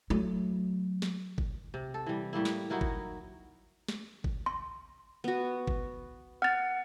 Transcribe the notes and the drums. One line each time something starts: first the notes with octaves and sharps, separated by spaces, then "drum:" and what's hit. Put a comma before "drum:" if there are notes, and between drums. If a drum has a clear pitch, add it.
F#3 A3
drum: snare
drum: kick G1
C3
A4
E3 G3
A2 G3 A#3 E4
drum: snare
F#3 D#4 E4 A#4
drum: kick G1
drum: snare
drum: kick G1
C6
B3 F#4
drum: kick G1
F#5 F6 A6